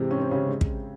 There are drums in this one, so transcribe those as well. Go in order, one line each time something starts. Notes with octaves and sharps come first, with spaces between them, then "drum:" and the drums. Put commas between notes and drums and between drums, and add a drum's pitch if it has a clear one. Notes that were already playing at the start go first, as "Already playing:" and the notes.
Already playing: G#2 C3 E3 G#3 C4
C#4
C4
C#3 C#4
G#3
drum: kick